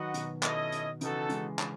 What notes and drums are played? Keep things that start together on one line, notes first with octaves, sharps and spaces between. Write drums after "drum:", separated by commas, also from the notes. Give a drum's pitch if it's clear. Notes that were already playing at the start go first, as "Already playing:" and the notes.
Already playing: D#3 F#3 D#4 F#4 B4 D#5 F#5
B2 D#3, drum: hi-hat
C#4 E4 A4 D#5, drum: clap
drum: hi-hat
C#3 E3 B3 D#4 F#4 A4, drum: hi-hat
E3 G#3, drum: hi-hat
drum: clap